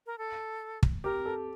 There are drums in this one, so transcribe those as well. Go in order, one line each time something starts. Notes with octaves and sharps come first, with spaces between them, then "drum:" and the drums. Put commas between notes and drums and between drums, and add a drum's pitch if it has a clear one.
A#4
A4
drum: kick
G4 A#4
A4